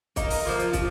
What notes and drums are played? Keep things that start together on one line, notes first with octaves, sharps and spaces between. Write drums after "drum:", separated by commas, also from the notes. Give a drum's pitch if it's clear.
A#3 D#4 A#4, drum: kick, hi-hat
drum: open hi-hat
F3 A#3 F4
drum: hi-hat
F3, drum: kick, hi-hat